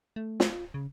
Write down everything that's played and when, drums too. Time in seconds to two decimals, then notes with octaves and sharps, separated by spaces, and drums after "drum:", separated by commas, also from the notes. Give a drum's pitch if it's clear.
0.16 A3
0.40 F4, drum: snare
0.74 C#3